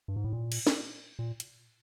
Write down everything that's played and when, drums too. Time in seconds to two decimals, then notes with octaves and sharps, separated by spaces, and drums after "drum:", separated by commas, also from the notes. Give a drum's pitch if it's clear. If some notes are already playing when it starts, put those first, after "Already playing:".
0.08 G2
0.16 G#2
0.24 A2
0.33 A#2
0.52 drum: cymbal
0.67 drum: snare
1.19 A#2
1.40 drum: hi-hat